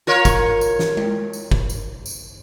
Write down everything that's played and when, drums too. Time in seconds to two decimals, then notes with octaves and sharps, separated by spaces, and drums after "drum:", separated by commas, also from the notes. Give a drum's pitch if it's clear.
0.07 F4 A#4 C#5
0.25 drum: kick, tambourine
0.61 drum: tambourine
0.79 drum: snare
0.97 drum: tom G#3
1.33 drum: tambourine
1.51 drum: kick
1.70 drum: tambourine
2.06 drum: tambourine